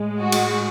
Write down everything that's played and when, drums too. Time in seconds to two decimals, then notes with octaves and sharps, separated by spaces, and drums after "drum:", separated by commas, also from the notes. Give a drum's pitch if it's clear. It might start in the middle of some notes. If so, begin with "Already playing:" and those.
Already playing: A2 G#3
0.19 F#4
0.32 drum: cymbal